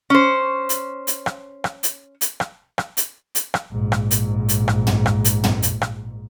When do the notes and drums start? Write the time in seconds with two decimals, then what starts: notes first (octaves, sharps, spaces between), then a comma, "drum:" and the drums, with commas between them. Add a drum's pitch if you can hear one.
0.10 C#4 C5
0.69 drum: hi-hat
1.07 drum: hi-hat
1.26 drum: rim click
1.64 drum: rim click
1.83 drum: hi-hat
2.21 drum: hi-hat
2.40 drum: rim click
2.78 drum: rim click
2.97 drum: hi-hat
3.35 drum: hi-hat
3.54 drum: rim click
3.73 A#1 G#2
3.92 drum: rim click
4.11 drum: hi-hat
4.49 drum: hi-hat
4.68 drum: rim click
4.87 drum: tom
5.06 drum: rim click
5.25 drum: hi-hat
5.44 drum: tom
5.63 drum: hi-hat
5.82 drum: rim click